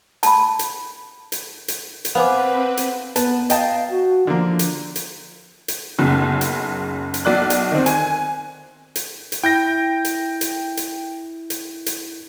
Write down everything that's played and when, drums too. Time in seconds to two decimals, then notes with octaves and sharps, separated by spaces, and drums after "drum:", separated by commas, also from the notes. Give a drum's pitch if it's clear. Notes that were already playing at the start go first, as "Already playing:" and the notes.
0.23 A5 B5, drum: hi-hat
0.59 drum: hi-hat
1.32 drum: hi-hat
1.68 drum: hi-hat
2.05 drum: hi-hat
2.15 B3 C4 B4 C5 F5 F#5 G#5 D6
2.77 drum: hi-hat
3.16 B3 B4 A5, drum: hi-hat
3.50 D#5 F5 G5 A5, drum: hi-hat
3.90 F#4
4.27 D3 F3 A#3
4.59 drum: hi-hat
4.96 drum: hi-hat
5.68 drum: hi-hat
5.98 F#1 B1 C#3
6.41 drum: hi-hat
7.14 drum: hi-hat
7.25 B1 D5 F#6
7.50 drum: hi-hat
7.72 D#3 C4
7.86 G#5, drum: hi-hat
8.96 drum: hi-hat
9.32 drum: hi-hat
9.43 E4 G5 G6 A#6
10.05 drum: hi-hat
10.41 drum: hi-hat
10.77 drum: hi-hat
11.50 drum: hi-hat
11.86 drum: hi-hat